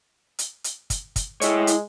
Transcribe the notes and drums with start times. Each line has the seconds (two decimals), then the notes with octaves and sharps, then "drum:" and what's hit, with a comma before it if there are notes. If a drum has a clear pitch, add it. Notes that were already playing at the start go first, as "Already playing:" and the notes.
0.39 drum: hi-hat
0.64 drum: hi-hat
0.90 drum: kick, hi-hat
1.16 drum: kick, hi-hat
1.41 G#3 E4 C#5, drum: hi-hat
1.67 drum: hi-hat